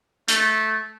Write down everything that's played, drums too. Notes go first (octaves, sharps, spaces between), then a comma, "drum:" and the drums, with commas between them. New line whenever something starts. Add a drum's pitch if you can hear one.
A3, drum: hi-hat